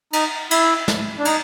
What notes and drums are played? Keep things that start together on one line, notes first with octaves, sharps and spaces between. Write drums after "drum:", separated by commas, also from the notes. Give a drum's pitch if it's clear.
D#4, drum: cymbal
E4, drum: cymbal
drum: snare
D4
D#4, drum: cymbal